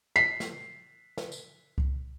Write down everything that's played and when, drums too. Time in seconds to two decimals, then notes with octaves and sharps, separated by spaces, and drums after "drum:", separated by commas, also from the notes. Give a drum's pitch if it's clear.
0.16 B6 C7
0.40 drum: snare
1.18 drum: snare
1.32 drum: tambourine
1.78 drum: kick C2